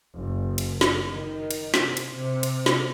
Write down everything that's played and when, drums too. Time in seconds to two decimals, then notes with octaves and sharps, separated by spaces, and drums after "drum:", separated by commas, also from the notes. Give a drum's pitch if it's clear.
0.14 F#1
0.58 drum: cymbal
0.81 drum: snare
1.11 D#3
1.51 drum: cymbal
1.74 C3, drum: snare
1.97 drum: cymbal
2.11 C3
2.43 drum: cymbal
2.66 drum: snare